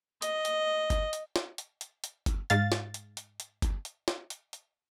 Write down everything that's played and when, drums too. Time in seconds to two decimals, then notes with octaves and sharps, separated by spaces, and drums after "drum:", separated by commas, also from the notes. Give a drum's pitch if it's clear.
0.22 D#5, drum: hi-hat
0.45 drum: hi-hat
0.90 drum: kick G1, hi-hat
1.13 drum: hi-hat
1.36 drum: snare
1.58 drum: hi-hat
1.81 drum: hi-hat
2.04 drum: hi-hat
2.26 drum: kick G1, hi-hat
2.50 G#2 F5 A6, drum: hi-hat
2.72 drum: snare
2.94 drum: hi-hat
3.17 drum: hi-hat
3.40 drum: hi-hat
3.62 drum: kick G1, hi-hat
3.85 drum: hi-hat
4.08 drum: snare
4.30 drum: hi-hat
4.53 drum: hi-hat